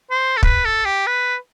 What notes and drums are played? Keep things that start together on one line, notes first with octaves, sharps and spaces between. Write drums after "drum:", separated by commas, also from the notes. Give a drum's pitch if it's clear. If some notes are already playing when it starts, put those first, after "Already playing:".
C5
A4
B4, drum: kick
A4
G4
B4